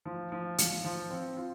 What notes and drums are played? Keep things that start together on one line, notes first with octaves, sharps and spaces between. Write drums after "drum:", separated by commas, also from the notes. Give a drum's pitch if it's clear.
F3
F3
F3, drum: hi-hat
F3
C4
F4